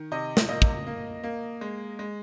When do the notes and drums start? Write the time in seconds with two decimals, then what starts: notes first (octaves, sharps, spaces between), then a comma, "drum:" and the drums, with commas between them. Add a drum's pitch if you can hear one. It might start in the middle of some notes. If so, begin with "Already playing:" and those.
Already playing: D#3
0.12 C3 D#5
0.37 drum: snare
0.49 A#3 D#5
0.62 drum: kick
0.87 A#3
1.24 A#3
1.61 G#3
1.99 G#3